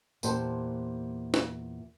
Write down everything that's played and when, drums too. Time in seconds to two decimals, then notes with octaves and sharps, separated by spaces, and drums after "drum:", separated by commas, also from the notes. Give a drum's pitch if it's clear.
0.23 E2 A#2 G4 C5 A5, drum: tambourine
1.34 drum: snare